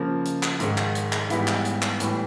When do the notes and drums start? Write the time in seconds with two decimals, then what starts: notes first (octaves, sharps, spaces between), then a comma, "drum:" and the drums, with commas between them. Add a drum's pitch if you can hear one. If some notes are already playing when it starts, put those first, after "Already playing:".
Already playing: C#3 F3 A#3
0.25 drum: hi-hat
0.43 drum: clap
0.60 G#2 D#3 G#3, drum: hi-hat
0.78 drum: clap
0.95 drum: hi-hat
1.13 drum: clap
1.30 G#2 E3 G3 B3 E4, drum: hi-hat
1.47 drum: clap
1.65 drum: hi-hat
1.82 drum: clap
2.00 A2 E3 G3, drum: hi-hat